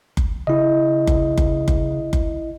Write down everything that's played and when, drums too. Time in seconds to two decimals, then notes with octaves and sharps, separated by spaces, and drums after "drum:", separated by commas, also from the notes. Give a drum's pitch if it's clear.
0.17 drum: kick F#1
0.47 C#3 E4 D#5
1.07 drum: kick F#1
1.38 drum: kick F#1
1.68 drum: kick F#1
2.13 drum: kick F#1